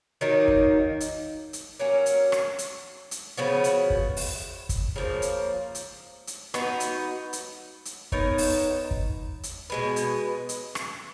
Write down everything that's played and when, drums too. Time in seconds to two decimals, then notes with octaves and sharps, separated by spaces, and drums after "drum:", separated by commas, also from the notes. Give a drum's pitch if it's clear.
0.21 D#3 F#3 A#3 D#4
0.48 drum: kick
1.00 drum: hi-hat
1.53 drum: hi-hat
1.79 F#3 A#3 C#4
2.06 drum: hi-hat
2.32 drum: rim click
2.59 drum: hi-hat
3.11 drum: hi-hat
3.37 C#3 F3 B3 F#4
3.64 drum: hi-hat
3.90 drum: kick
4.17 drum: open hi-hat
4.69 drum: kick, hi-hat
4.96 C#3 F3 A#3
5.22 drum: hi-hat
5.75 drum: hi-hat
6.27 drum: hi-hat
6.54 B3 D#4 F#4, drum: rim click
6.80 drum: hi-hat
7.33 drum: hi-hat
7.85 drum: hi-hat
8.12 B3 D#4 A#4 C#5, drum: kick
8.38 drum: open hi-hat
8.91 drum: kick
9.43 drum: hi-hat
9.70 B2 G#3 B3
9.96 drum: hi-hat
10.49 drum: hi-hat
10.75 drum: rim click